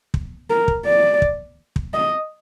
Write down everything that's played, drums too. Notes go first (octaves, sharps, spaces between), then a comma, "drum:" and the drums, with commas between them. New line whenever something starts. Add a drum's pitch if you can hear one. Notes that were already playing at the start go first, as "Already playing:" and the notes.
drum: kick
A#4
drum: kick
D5
drum: kick
drum: kick
D#5